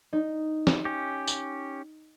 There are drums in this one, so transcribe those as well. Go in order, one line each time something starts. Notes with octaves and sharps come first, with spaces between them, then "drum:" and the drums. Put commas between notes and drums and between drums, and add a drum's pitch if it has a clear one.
D#4
drum: snare
C#4 G4
drum: tambourine